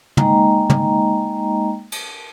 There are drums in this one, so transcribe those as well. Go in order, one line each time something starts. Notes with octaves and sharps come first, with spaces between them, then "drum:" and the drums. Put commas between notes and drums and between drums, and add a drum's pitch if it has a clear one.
G#3 A#3 D#4 D#5 G5 A#5, drum: tom
drum: tom
drum: cymbal